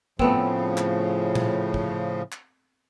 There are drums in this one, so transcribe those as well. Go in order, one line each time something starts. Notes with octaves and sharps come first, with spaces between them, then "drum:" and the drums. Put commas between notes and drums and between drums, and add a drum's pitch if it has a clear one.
A2 C#3 F3 A3 B3 C4, drum: kick
drum: clap
drum: tom A#2
drum: kick
drum: clap